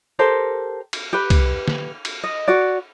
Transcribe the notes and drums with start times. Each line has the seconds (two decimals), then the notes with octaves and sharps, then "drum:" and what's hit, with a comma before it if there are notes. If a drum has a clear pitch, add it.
0.19 G4 A4 A#4 C5
0.93 drum: cymbal
1.13 G4 B4
1.30 drum: kick C2, cymbal
1.68 drum: snare
2.05 drum: cymbal
2.23 D#5
2.48 F#4 D5